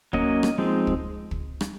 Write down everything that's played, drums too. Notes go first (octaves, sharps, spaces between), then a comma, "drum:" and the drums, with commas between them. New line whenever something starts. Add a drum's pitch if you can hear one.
F#3 A#3 C#4 D#5, drum: kick
drum: rim click
F3 G#3 C4 D#4
drum: kick
drum: kick
drum: rim click